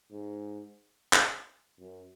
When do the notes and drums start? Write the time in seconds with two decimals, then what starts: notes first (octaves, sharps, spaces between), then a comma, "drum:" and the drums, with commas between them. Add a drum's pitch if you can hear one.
0.10 G#2
1.13 drum: clap
1.78 F#2